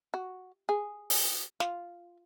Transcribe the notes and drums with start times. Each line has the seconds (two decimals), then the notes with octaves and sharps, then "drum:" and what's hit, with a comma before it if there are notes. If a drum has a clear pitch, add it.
0.14 F#4
0.69 G#4
1.10 drum: open hi-hat
1.60 F4, drum: snare